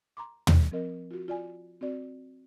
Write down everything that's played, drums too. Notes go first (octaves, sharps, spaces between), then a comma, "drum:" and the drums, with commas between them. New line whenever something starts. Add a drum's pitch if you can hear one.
A#5 C6 D6
drum: tom
F3 C4 A#4 D#5
F4 F#4
F4 D5 G#5
C4 F#4 D5